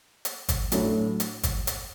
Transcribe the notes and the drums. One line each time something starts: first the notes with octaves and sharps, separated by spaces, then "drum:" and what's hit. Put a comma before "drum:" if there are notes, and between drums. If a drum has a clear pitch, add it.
drum: hi-hat
drum: kick G1, hi-hat
A2 F#3 A3 D4, drum: hi-hat
drum: hi-hat
drum: kick G1, hi-hat
drum: hi-hat